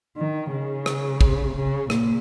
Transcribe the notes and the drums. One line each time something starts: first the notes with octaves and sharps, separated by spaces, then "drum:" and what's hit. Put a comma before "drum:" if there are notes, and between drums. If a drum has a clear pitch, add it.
D#3
C#3
drum: rim click
drum: kick
C#3
A#2, drum: rim click